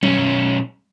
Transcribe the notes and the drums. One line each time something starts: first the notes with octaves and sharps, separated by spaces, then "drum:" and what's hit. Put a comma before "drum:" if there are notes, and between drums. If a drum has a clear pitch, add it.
B1 C#4, drum: tom F#3